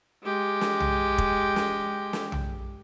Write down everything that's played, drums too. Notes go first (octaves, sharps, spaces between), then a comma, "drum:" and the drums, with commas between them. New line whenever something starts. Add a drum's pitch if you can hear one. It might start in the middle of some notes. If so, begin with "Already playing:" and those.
G#3 G4
drum: snare
drum: tom B1
drum: kick
drum: snare
drum: snare
drum: tom B1